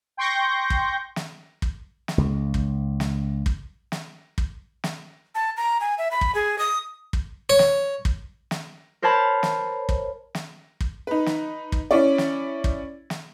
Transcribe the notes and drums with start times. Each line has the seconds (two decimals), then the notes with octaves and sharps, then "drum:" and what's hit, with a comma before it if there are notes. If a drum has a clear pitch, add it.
0.17 G5 C6 C#6 G6 A#6
0.70 drum: kick
1.16 drum: snare
1.62 drum: kick
2.08 drum: snare
2.18 C#2 C#3
2.54 drum: kick
3.00 drum: snare
3.46 drum: kick
3.92 drum: snare
4.38 drum: kick
4.84 drum: snare
5.35 A5
5.57 A#5
5.81 G#5
5.98 E5
6.11 B5
6.21 drum: kick
6.35 G#4
6.59 D#6
7.13 drum: kick
7.50 C#5
7.59 drum: snare
8.05 drum: kick
8.51 drum: snare
9.02 A#4 C5 C#5 A5 B5
9.43 drum: snare
9.89 drum: kick
10.35 drum: snare
10.80 drum: kick
11.07 D#4 B4
11.26 drum: snare
11.72 drum: kick
11.91 C#4 E4 C#5 D5
12.18 drum: snare
12.64 drum: kick
13.10 drum: snare